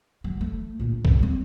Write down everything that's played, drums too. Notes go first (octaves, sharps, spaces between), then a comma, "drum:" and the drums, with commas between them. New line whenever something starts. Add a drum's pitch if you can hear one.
E3 F#3
A3
A#2 D4
A1, drum: kick B1
G3 C4